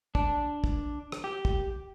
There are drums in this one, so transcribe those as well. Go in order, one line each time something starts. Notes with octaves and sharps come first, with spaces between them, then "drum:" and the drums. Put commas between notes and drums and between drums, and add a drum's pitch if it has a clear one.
D4, drum: kick
drum: kick
drum: rim click
G4
drum: kick